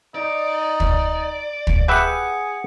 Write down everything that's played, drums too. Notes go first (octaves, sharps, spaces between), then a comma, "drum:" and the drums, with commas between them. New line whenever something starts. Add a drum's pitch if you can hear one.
D#4 D5
drum: kick
drum: kick
G4 G#4 B4 E5 F#5 C#7